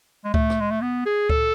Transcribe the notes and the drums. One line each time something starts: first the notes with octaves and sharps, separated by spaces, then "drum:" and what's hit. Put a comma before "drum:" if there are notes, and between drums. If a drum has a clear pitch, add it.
G#3
A3, drum: kick C#2
drum: rim click
G#3
A3
B3
G#4
A4, drum: kick C#2